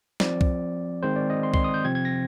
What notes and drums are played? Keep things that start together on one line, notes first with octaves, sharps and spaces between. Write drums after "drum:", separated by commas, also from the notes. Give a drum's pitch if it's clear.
F3 C4 D5, drum: snare
drum: kick C2
D#3 G#3 C4 C5
D5
D#5
C6
C6, drum: kick C2
D#6
G6
C3 F3 C4 G#6
G#6
A#6